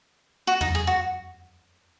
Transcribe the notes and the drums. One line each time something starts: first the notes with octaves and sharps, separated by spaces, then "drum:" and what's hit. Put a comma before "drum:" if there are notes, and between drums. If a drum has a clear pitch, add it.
F#4
D#4, drum: tom E2
G#4
F#4